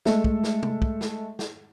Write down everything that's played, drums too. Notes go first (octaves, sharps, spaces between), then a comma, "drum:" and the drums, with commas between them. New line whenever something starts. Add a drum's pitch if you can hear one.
G#3 A3 A4 E5, drum: snare
drum: kick
drum: snare
drum: tom C3
drum: kick
drum: snare
drum: snare